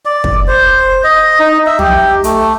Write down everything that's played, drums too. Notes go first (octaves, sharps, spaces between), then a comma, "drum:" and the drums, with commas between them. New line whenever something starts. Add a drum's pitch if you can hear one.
D5
drum: kick
C5
D#5
D#4
E5
G4, drum: tom
A3, drum: hi-hat